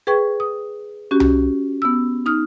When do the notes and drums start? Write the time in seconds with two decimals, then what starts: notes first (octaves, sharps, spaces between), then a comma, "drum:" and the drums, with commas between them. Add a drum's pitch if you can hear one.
0.07 G#4 B4 G5 C#6 G#6
0.40 D#6
1.11 C#4 F#4 G4
1.20 drum: tom C2
1.82 B3 E6
2.26 D#4 D#6 F6